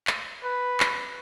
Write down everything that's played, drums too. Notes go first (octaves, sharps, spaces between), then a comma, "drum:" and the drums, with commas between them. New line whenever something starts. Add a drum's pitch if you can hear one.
drum: clap
B4
drum: clap